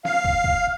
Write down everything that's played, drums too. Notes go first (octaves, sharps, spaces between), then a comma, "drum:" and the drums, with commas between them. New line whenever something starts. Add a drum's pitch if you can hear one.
F5, drum: snare
drum: kick
drum: kick